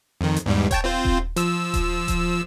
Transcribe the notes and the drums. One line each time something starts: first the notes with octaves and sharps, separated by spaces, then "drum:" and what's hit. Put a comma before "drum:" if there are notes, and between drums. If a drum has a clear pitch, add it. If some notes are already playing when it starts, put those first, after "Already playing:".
F2 D#3
drum: hi-hat
E2 G#2 G3
C#5 G5 A5, drum: kick D#1, hi-hat
C4 F4 C5
drum: kick D#1
F3 E6, drum: hi-hat
drum: kick D#1, hi-hat
drum: kick D#1, hi-hat